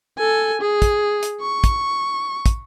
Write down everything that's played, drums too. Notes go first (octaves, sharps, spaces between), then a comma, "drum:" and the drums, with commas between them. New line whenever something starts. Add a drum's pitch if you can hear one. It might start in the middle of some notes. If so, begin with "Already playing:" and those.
A4 G#5
G#4
drum: kick, hi-hat
drum: hi-hat
C#6
drum: kick, hi-hat
drum: kick, hi-hat